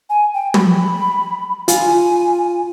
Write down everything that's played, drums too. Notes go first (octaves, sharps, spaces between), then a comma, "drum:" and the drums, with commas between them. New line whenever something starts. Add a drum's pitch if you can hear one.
G#5
G5
B5, drum: tom
F4 G#5, drum: hi-hat